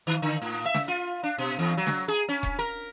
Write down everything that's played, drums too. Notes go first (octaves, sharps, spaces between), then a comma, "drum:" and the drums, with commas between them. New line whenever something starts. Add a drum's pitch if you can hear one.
D#3
D3
A2
E5
drum: snare
F4
D4
B2
E2
F#3
drum: snare
G#4
C#4
drum: kick E1
A#4